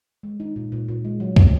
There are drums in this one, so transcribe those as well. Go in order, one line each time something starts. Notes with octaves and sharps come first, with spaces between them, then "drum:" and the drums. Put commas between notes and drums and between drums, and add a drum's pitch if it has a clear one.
G#3
D#4
A#2
A#2
A#2
G#3
F#3
F#3, drum: kick